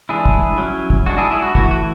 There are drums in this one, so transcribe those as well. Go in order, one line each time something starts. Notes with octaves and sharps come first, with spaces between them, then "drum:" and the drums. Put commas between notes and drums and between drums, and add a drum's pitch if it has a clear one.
E3 G#3 D4 E4 G#4
drum: kick
F#3 C#4 E4
drum: kick
G#3 D4 F#4
E4 G#4
E4 G#4
F#4
E3 A3 E4 F#4, drum: kick
F#4